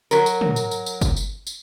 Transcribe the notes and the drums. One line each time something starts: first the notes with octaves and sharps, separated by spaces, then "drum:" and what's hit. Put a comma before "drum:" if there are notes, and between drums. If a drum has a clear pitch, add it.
F#3 A#4, drum: tambourine
drum: tambourine
drum: tom
drum: tambourine
drum: tambourine
drum: tambourine
drum: kick, tambourine
drum: tambourine
drum: tambourine